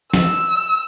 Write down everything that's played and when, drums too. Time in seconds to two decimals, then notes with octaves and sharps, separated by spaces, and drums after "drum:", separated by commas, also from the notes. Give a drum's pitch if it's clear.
0.14 E6, drum: snare